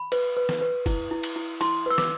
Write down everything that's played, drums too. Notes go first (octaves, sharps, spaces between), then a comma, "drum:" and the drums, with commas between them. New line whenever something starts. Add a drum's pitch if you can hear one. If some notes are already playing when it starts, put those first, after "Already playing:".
Already playing: B5
B4, drum: cymbal
B4
drum: snare
B4
E4, drum: kick, cymbal
E4
drum: cymbal
E4
E4 C6, drum: cymbal
B4 E6
D6, drum: snare